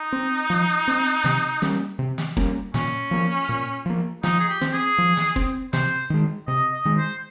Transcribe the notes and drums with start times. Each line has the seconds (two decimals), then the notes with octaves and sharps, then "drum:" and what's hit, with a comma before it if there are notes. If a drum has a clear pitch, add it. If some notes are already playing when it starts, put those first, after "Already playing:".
Already playing: D#4
0.13 C4
0.50 F3
0.88 C4
1.24 C3, drum: snare
1.62 G3 A#3 C#4, drum: snare
1.99 C3
2.18 drum: snare
2.37 G3 A#3 C#4, drum: kick
2.74 A#2 C#4, drum: snare
3.11 F3 A#3
3.49 A#2
3.86 F3 A#3
4.23 F3 D#4, drum: snare
4.40 G#4
4.48 G4
4.61 C4, drum: snare
4.73 G#4
4.98 F3
5.17 drum: snare
5.36 C4, drum: kick
5.73 C3 C5, drum: snare
6.10 D#3 G#3
6.48 C3 D#5
6.73 D#5
6.85 D#3 G#3
6.98 C5